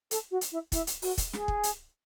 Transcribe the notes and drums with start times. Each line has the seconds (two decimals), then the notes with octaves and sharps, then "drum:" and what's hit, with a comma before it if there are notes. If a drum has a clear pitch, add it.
0.11 A4, drum: hi-hat
0.31 F#4
0.41 drum: hi-hat
0.52 E4
0.72 E4, drum: kick, hi-hat
0.87 drum: hi-hat
1.02 F#4, drum: open hi-hat
1.18 drum: kick, hi-hat
1.33 G#4, drum: snare
1.48 drum: kick
1.63 drum: hi-hat